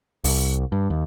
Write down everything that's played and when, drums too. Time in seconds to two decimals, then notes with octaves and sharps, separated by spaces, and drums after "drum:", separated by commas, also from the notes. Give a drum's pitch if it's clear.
0.24 C2, drum: open hi-hat
0.72 G2
0.90 D#2